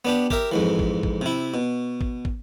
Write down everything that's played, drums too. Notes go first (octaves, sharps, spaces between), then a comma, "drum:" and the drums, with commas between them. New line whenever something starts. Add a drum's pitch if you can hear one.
B3 D4 G4
G4 A#4 E5, drum: kick
F2 G#2 E3
drum: kick
drum: kick
C3 E4
B2
drum: kick
drum: kick